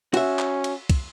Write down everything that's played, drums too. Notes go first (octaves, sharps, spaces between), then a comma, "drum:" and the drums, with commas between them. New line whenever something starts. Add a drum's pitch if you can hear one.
C#4 F#4 E5, drum: cymbal
drum: clap
drum: cymbal
drum: kick, cymbal